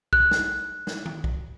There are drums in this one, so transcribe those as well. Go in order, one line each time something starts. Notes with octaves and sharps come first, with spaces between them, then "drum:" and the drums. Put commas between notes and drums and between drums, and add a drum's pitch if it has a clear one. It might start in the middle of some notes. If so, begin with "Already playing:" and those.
F#6, drum: kick
drum: snare
drum: snare
drum: tom D#3
drum: kick